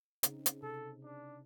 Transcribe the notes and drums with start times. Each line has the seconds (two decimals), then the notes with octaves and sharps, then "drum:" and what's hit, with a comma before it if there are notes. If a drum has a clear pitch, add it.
0.23 C#3 C4 D#4, drum: hi-hat
0.46 drum: hi-hat
0.63 C3 A4
1.04 D4